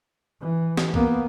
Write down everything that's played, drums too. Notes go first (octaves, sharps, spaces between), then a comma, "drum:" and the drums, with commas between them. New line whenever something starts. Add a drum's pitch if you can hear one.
E3
drum: snare
A#3 B3, drum: kick